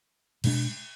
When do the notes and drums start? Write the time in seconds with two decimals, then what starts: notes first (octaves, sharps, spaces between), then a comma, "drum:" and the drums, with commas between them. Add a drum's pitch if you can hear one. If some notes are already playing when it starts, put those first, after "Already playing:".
0.44 B2 G#3 D4, drum: cymbal